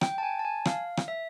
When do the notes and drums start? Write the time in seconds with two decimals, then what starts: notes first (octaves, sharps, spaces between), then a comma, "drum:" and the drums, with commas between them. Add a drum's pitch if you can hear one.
0.01 G5, drum: rim click
0.18 A5
0.23 G#5
0.39 A5
0.45 G#5
0.65 F5, drum: rim click
0.97 drum: rim click
1.08 E5